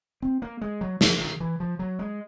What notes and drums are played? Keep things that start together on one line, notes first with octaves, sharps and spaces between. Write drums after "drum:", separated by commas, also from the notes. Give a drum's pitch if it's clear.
C4
A#3
G#3
F#3
F3, drum: snare
D#3
E3
F3
F#3
G#3